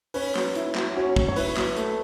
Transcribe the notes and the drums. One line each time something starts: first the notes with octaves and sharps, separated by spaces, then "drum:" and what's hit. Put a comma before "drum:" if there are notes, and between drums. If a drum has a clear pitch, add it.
C#4 B4, drum: open hi-hat
F#3, drum: clap
E4, drum: hi-hat
F#3, drum: clap
C#4 F#4
F#3, drum: kick
C#5
E4 B4, drum: open hi-hat
F#3, drum: clap
A3, drum: hi-hat